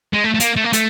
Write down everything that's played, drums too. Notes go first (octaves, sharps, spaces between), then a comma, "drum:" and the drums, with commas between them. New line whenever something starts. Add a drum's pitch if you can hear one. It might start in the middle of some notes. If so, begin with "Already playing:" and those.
G#3
A3
A3
A#3, drum: hi-hat
A3
A#3
A3, drum: hi-hat